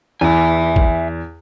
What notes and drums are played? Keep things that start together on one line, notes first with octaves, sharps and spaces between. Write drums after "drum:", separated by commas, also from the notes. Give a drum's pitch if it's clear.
E2 E5 G#5
drum: kick A1